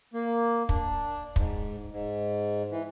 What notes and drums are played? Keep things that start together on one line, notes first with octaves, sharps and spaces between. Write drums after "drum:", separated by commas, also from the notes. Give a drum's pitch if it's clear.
A#3
D4, drum: kick
G#2, drum: kick
G#2
E3